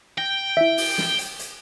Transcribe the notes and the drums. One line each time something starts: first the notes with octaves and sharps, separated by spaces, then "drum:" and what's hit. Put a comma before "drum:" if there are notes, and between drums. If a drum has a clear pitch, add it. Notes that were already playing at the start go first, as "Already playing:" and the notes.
G5 A#6
E4 E5
drum: open hi-hat
drum: snare
drum: hi-hat
drum: hi-hat